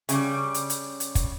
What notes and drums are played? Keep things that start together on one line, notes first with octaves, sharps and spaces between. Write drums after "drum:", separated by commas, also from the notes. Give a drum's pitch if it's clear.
C#3 G3, drum: hi-hat
drum: hi-hat
drum: hi-hat
drum: hi-hat
drum: kick, hi-hat